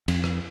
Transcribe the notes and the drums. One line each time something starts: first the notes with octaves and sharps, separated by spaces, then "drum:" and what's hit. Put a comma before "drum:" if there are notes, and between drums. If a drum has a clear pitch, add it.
F2, drum: cymbal
drum: rim click